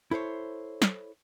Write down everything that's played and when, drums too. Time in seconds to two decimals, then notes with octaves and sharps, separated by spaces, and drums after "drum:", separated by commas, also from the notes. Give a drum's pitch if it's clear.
0.11 E4 A4 C5 C#5
0.82 drum: snare